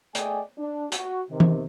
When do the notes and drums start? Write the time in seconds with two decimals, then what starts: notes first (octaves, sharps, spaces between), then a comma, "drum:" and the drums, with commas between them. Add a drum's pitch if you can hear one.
0.15 A3 G#4 D5 D#5 G5 G#5, drum: hi-hat
0.58 D4
0.92 F#4, drum: hi-hat
1.31 C3 D#3
1.40 drum: tom E3